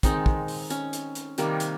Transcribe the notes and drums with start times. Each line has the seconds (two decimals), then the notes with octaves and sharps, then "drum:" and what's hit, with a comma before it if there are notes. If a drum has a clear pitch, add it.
0.03 D#3 G#3 C4 D#4, drum: kick, hi-hat
0.26 drum: kick
0.48 drum: open hi-hat
0.70 C#4, drum: hi-hat
0.93 drum: hi-hat
1.15 drum: hi-hat
1.38 C3 D#3 G3 A#3, drum: hi-hat
1.60 drum: hi-hat